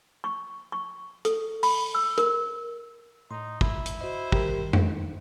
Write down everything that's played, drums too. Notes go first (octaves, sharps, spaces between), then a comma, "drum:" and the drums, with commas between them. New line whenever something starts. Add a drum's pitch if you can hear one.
C#6
C#6
A4, drum: hi-hat
B5, drum: open hi-hat
E6
A#4, drum: hi-hat
A2 D#4 C6
D#2 G#2 E4, drum: kick
drum: hi-hat
F#4 C5 D#5
G2 D#3 G3 G4 A#4, drum: kick
D#4, drum: tom F2